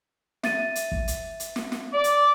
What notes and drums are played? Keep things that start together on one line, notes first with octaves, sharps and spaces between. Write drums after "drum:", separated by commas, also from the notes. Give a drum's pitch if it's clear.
E5 A6 D#7, drum: snare
drum: hi-hat
drum: kick
drum: hi-hat
drum: hi-hat
drum: snare
drum: snare
D5
drum: hi-hat